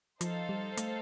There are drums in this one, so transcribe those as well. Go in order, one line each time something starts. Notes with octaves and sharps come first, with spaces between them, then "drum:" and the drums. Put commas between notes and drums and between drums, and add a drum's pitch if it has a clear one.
F3 D#4 A4 C5 F5, drum: hi-hat
G3
A3, drum: hi-hat